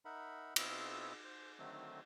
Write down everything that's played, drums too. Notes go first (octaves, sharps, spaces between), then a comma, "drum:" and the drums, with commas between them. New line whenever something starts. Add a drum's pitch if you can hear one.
D#4 A#4 E5 F#5 B5
B2 C4 E4 F4 D#6 E6, drum: cymbal
C5
D3 D#3 F#3 A3 C4